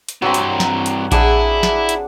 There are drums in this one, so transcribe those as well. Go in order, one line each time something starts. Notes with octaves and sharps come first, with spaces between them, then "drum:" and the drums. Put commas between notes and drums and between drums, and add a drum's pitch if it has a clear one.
drum: hi-hat
G2 C3 F#3 C4
drum: hi-hat
drum: snare
drum: hi-hat
D4 E4 G#4 D5 F#5, drum: kick A#1, hi-hat
drum: snare
drum: hi-hat